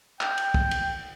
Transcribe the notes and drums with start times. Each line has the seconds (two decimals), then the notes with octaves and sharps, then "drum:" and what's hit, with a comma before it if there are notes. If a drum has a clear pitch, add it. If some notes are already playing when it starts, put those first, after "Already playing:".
0.21 G5, drum: clap
0.38 drum: cymbal
0.54 drum: kick
0.71 drum: cymbal